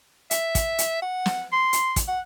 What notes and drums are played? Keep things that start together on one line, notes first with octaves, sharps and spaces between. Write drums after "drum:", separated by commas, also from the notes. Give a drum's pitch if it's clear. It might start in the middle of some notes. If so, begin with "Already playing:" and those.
E5, drum: hi-hat
drum: kick, hi-hat
drum: hi-hat
F#5
drum: snare
C6
drum: hi-hat
drum: kick, hi-hat
F#5